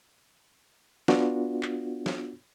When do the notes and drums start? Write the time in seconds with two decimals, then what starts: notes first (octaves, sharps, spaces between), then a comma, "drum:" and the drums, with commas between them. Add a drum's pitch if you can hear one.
1.08 B3 D4 F4 F#4, drum: snare
1.63 drum: clap
2.06 drum: snare